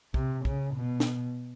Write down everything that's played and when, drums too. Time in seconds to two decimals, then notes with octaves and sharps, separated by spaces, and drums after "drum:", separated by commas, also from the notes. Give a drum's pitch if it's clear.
0.14 C3, drum: kick
0.45 C#3, drum: kick
0.75 B2
1.00 drum: snare